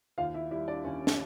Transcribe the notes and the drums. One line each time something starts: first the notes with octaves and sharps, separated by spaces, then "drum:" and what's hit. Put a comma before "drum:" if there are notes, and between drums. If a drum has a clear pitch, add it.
D#2 F4 F5
E4 E5
G3 E4 E5
D4 D5
D#2 C#4 C#5
drum: snare